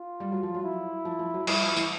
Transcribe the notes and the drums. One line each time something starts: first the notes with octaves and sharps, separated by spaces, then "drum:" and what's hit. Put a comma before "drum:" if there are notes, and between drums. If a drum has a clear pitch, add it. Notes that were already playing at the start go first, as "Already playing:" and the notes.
Already playing: F4
G3
F#3
F3
F#3
E4
F3
F3
F#3
G3 E4, drum: cymbal
F3
E3, drum: tambourine